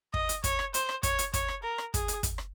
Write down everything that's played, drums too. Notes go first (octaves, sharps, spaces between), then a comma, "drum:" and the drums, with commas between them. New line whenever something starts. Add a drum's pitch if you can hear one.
D#5, drum: kick
drum: hi-hat
C#5, drum: kick, hi-hat
drum: rim click
C5, drum: hi-hat
drum: rim click
C#5, drum: kick, hi-hat
drum: hi-hat
C#5, drum: kick, hi-hat
drum: rim click
A#4
drum: rim click
G#4, drum: kick, hi-hat
drum: hi-hat
drum: kick, hi-hat
drum: rim click